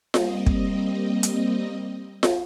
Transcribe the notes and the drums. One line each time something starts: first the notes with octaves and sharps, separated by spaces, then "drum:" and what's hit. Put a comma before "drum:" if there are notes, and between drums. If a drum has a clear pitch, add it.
G3 A#3 C4 D#5, drum: snare F4
drum: kick
drum: hi-hat
drum: snare F4